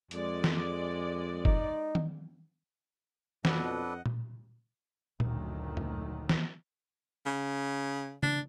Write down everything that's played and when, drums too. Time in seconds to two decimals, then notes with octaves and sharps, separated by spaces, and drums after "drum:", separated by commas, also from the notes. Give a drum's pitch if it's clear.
0.11 F2 G#3 D5, drum: hi-hat
0.44 drum: snare E3
1.45 D#4, drum: kick
1.95 drum: tom
3.45 B1 F2 B2 D4 A4 B4 D#5 F#5, drum: snare E3
4.06 drum: tom A#2
5.20 F#1 D2 A#2 D#3 F#3 A3, drum: tom A#2
5.77 drum: tom
6.29 drum: snare E3
7.26 C#3
8.23 D4, drum: tom C#3